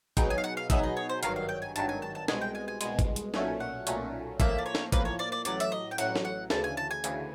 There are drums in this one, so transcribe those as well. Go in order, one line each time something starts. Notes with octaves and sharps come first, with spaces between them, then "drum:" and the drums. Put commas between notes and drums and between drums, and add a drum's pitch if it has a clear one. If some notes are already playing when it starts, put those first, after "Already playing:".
B2 F#3 B3 D#4 G#4 G5, drum: kick, hi-hat
G#5
F5
F#5
F5
B2 F#3 B3 D#4 G#4 E5, drum: kick, hi-hat
D#5
C#5
C5
G#1 G2 D#3 F#3 F5, drum: hi-hat
F5
G5
G#5
G#1 G2 D#3 F#3 A5, drum: hi-hat
G#5
A5
A5
C2 B2 G#3 G#5, drum: snare
G5
G#5
G#5
C2 B2 G#3 G#5, drum: hi-hat
drum: kick, hi-hat
drum: hi-hat
B1 A#2 F#3 A3 C#4 G#5, drum: snare
F#5
B1 A#2 F#3 A3 C#4, drum: hi-hat
A2 F3 A#3 E5, drum: kick, hi-hat
D5
C#5
drum: snare
A2 F3 A#3 B4, drum: kick, hi-hat
C#5
D5
D5
A1 A2 F#3 D5, drum: hi-hat
E5, drum: hi-hat
D#5
G5
A1 A2 F#3 F#5, drum: hi-hat
drum: snare
F#5
D2 C#3 E3 A5, drum: snare
G#5
A5
G#5
D2 C#3 E3, drum: hi-hat